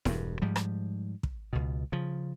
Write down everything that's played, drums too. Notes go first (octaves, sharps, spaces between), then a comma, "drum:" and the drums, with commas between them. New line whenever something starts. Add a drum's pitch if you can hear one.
E1 G2, drum: snare E4
G#2 F3 G3
drum: rim click
drum: kick
C#2 B2
C#3 F3